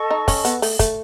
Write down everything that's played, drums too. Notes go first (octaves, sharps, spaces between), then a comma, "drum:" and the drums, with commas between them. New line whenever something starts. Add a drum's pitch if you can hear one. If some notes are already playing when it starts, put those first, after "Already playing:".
Already playing: A4 D#5 A5 C#6
D#4
C#4, drum: kick, open hi-hat
B3, drum: hi-hat
A3, drum: open hi-hat
A3, drum: kick, hi-hat